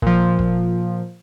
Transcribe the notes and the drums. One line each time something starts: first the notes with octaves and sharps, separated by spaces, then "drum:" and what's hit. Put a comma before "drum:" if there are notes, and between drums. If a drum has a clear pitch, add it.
A#2 F3, drum: kick
drum: kick